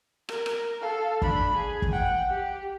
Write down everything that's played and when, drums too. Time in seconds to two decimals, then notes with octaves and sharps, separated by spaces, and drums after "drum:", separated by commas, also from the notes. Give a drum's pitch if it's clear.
0.29 A#4, drum: rim click
0.46 drum: rim click
0.81 A4 F5
1.22 D4 B5, drum: kick
1.55 G#4
1.82 drum: kick
1.92 F#5 G5
2.29 G4